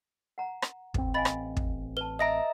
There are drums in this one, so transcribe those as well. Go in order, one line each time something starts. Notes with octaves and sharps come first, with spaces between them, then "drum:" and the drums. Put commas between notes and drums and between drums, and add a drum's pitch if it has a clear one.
F#5 A#5
drum: rim click
A1 C4, drum: kick
D#5 F5 G#5 B5 A6
drum: rim click
drum: kick
B4 A5 G7
D#5 E5 A#5 D#6 A#6 D7